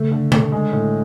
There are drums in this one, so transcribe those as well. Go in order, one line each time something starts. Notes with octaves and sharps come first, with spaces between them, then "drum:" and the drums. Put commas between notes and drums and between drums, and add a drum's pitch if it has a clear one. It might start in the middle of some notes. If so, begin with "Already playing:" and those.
Already playing: C#3 A3
D3
D3, drum: tom B2
G#3
A2